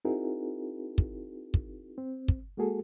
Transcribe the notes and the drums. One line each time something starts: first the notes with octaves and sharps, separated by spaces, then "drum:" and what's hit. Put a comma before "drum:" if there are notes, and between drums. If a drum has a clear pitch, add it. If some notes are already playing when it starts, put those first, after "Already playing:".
C4 D#4 E4 F#4 G#4 A#4
drum: kick
drum: kick
C4
drum: kick
G#3 A#3 F#4 G#4 A4